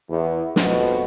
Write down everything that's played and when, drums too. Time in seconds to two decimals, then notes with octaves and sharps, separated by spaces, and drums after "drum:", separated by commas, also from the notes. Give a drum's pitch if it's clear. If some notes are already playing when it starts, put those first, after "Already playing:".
0.10 E2
0.56 F2 B2, drum: snare